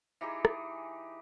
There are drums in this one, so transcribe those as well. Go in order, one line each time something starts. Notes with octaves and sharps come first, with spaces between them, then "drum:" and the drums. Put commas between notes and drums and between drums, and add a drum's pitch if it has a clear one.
E3 D#4 G4 G#4
drum: rim click